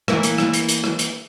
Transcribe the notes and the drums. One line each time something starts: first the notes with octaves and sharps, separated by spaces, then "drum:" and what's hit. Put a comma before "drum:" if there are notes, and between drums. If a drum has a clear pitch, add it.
E3 A#3 E4, drum: rim click
drum: hi-hat
drum: rim click
drum: hi-hat
drum: hi-hat
drum: rim click
drum: hi-hat